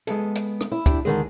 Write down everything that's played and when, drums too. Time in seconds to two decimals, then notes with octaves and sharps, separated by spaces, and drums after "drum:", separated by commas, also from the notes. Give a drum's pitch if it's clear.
0.07 G#3 B3 A4, drum: hi-hat
0.35 drum: hi-hat
0.61 drum: rim click
0.72 E4
0.86 D4 G4, drum: kick, hi-hat
1.05 D3 D#3 G#3 G#4